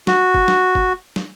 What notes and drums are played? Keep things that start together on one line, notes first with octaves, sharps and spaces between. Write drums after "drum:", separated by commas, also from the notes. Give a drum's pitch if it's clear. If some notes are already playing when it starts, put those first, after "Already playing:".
F#4, drum: snare
drum: kick
drum: snare
drum: kick
drum: snare